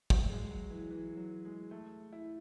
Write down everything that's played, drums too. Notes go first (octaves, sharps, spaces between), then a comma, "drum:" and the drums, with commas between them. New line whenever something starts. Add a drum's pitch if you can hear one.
F#3, drum: kick
G#3
F#3
E3
E3
F#3
G#3
A3
E4